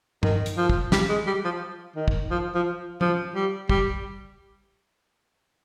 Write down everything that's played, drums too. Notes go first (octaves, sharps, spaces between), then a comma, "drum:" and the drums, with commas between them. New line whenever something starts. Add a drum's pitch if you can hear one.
D#3, drum: tom G2
drum: hi-hat
F3
drum: kick
G3, drum: snare
G#3
G3
F3
D#3
drum: kick
F3
F3
F3, drum: tom
G3
G3, drum: kick